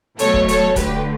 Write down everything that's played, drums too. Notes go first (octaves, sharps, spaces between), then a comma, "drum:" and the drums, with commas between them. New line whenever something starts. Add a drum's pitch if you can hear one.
B2 F#3 A3 A4 C#5, drum: hi-hat
drum: kick
A4 C#5, drum: hi-hat
D3 A3 G4 B4, drum: kick, hi-hat